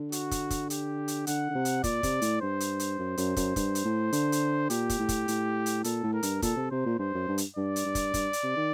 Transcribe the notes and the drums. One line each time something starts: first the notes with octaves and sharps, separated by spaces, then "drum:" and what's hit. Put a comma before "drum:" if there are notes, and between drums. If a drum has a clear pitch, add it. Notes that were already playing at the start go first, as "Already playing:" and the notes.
Already playing: D3
F#4, drum: hi-hat
drum: kick, hi-hat
drum: kick, hi-hat
G4, drum: hi-hat
drum: hi-hat
D3 F#5, drum: hi-hat
D3
C3
drum: hi-hat
A#2 D5, drum: kick, hi-hat
C3, drum: kick, hi-hat
A2, drum: hi-hat
G2 C5
drum: hi-hat
drum: hi-hat
F#2
F#2, drum: hi-hat
F#2, drum: kick, hi-hat
G2, drum: kick, hi-hat
drum: hi-hat
A2
D3, drum: hi-hat
drum: hi-hat
A#2 G4, drum: hi-hat
drum: kick, hi-hat
A2
drum: kick, hi-hat
A2, drum: hi-hat
drum: hi-hat
A#2 A4, drum: hi-hat
A2
A#4
G2, drum: hi-hat
A#2 A4, drum: kick, hi-hat
C3
C3 C5
A#2
G2 C5
F#2
G2
drum: hi-hat
G2 D5
drum: hi-hat
G2
drum: kick, hi-hat
G2, drum: kick, hi-hat
drum: hi-hat
C3
D#3